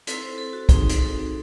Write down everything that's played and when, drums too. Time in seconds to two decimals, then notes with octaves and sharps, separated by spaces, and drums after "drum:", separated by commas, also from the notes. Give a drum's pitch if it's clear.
0.07 C4 E4 A4, drum: hi-hat
0.23 C5
0.38 A4
0.53 F#4
0.69 C4 D#4 F#4 G#4, drum: kick, hi-hat
0.89 drum: hi-hat
1.00 A4